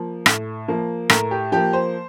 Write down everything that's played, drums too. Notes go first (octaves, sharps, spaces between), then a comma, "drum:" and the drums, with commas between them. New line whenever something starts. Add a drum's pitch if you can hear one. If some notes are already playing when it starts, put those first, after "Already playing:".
Already playing: F3 A#3
A2, drum: rim click
F3 A#3
A2 A#4, drum: rim click
G4
F3 A#3 G4
C5